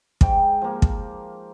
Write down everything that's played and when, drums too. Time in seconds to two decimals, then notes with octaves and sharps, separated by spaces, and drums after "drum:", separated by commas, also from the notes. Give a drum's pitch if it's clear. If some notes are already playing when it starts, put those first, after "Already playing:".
0.21 G#2 G5, drum: kick
0.62 F3 A#3
0.82 drum: kick